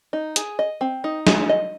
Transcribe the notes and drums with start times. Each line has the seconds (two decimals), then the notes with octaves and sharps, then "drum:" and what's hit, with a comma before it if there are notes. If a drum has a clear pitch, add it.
0.13 D#4
0.36 G#4, drum: hi-hat
0.59 D#5
0.81 C4
1.04 D#4
1.27 G#4, drum: snare
1.49 D#5